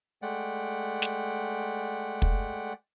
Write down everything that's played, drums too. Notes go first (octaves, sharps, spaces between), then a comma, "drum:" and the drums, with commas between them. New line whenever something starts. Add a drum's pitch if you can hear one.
G#3 A3 D5 F#5 G5
drum: snare
drum: kick